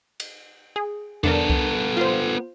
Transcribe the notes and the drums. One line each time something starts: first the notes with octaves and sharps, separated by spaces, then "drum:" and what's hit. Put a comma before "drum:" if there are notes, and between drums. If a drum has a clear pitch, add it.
drum: cymbal
G#4
B3 D4 A4 A#4, drum: tom E2
drum: kick C2
F4 C5